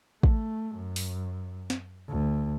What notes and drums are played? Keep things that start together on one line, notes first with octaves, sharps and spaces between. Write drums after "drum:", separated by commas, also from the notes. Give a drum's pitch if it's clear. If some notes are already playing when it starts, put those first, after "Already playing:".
A3, drum: kick
F#2
drum: open hi-hat
drum: snare
D2